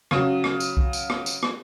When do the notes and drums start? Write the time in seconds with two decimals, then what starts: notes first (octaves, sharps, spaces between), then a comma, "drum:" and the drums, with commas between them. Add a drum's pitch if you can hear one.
0.11 C#3 F#3, drum: rim click
0.44 drum: rim click
0.60 drum: tambourine
0.77 drum: kick C2
0.93 drum: tambourine
1.10 drum: rim click
1.26 drum: tambourine
1.43 drum: rim click